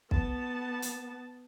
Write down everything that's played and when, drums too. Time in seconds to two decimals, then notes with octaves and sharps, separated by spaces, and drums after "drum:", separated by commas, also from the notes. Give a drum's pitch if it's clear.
0.11 B3 A5, drum: kick
0.82 drum: hi-hat